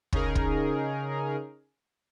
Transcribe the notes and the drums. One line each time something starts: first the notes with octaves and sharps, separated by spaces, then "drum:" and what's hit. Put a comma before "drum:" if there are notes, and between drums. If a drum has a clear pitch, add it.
C#3 C#4 D#4 G#4 A#4, drum: kick
drum: kick